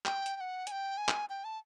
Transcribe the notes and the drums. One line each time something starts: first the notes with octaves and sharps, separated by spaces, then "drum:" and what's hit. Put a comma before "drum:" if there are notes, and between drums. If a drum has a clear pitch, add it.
G5, drum: clap
drum: hi-hat
G5
F#5
G#5, drum: hi-hat
G5
G#5
drum: clap
G5
A5